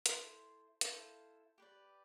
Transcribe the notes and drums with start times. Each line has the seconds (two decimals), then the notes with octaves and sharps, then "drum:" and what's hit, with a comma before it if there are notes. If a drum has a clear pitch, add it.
0.06 E4 A4 C5 C6, drum: hi-hat
0.81 E4 A4 C5 F5, drum: hi-hat
1.58 G4 B4 D5